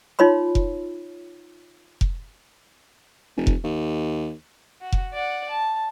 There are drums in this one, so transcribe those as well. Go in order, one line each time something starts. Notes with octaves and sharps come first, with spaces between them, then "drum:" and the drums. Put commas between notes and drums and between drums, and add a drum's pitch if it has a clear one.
D#4 F4 C#5 B5 C6
drum: kick F1
drum: kick F1
F1
drum: kick F1
D#2
F#4
drum: kick F1
D5 F#5
A5